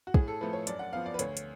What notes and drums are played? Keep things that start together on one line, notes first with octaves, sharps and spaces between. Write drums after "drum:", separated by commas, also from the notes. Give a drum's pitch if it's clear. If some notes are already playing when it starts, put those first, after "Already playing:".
F#4
A2 G#4, drum: kick
A4
F3 A3 B4
C#5
F#2 D5, drum: hi-hat
F#5
F3 B3 F5
D5
B4
D2 C#5, drum: hi-hat
drum: hi-hat